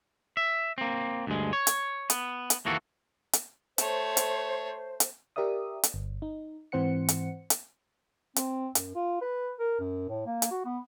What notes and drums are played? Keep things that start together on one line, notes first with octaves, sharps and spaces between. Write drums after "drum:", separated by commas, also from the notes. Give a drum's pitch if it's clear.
E5
A#3 C4
D2 G2 G#3
C#5
drum: hi-hat
B3, drum: hi-hat
drum: hi-hat
D#2 E3 A#3 F#4 A4
drum: hi-hat
A3 C5 C#5, drum: hi-hat
drum: hi-hat
drum: hi-hat
G4 A#4 D5 E5 D#6
drum: hi-hat
G1
D#4
G#2 E3 C4 C5 F#5 C#7
drum: hi-hat
drum: hi-hat
C4, drum: hi-hat
F#2, drum: hi-hat
F4
B4
A#4
F#2
A2
A#3
drum: hi-hat
F#4
B3